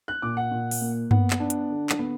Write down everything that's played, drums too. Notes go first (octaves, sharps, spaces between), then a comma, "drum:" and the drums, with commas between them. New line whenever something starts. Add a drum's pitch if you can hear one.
F#6
A#2 D6
F#5
A#2
drum: open hi-hat
A#3
B3 F#5, drum: tom G2
drum: clap
D4
drum: hi-hat
D3
drum: clap
B3